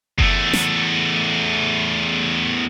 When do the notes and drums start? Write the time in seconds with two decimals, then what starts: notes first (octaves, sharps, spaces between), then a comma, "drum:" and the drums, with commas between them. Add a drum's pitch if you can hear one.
0.18 E2 A3, drum: kick F#1
0.53 drum: snare